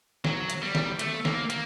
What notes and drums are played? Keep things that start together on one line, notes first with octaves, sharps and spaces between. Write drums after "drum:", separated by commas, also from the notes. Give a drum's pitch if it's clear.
F#3, drum: snare
drum: hi-hat
G3
drum: snare
A3, drum: hi-hat
A#3, drum: snare
A#3, drum: hi-hat